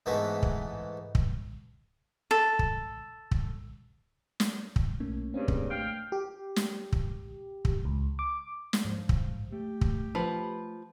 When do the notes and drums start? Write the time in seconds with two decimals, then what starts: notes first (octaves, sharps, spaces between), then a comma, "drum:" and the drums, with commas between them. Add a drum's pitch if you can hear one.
0.06 G#2 E3 A3 B3
0.43 drum: kick
1.15 drum: kick
2.31 A4
2.59 drum: kick
3.31 drum: kick
4.40 drum: snare
4.76 drum: kick
5.00 B1 A3 A#3 C#4
5.34 G2 C#3 C4 D4
5.48 drum: kick
5.71 A3 F5 G5
6.12 G4
6.56 drum: snare
6.92 drum: kick
7.65 drum: kick
7.85 C#2
8.19 D6
8.73 drum: snare
8.85 G#2 F3
9.09 drum: kick
9.52 A3 G4
9.81 drum: kick
10.15 F3 B4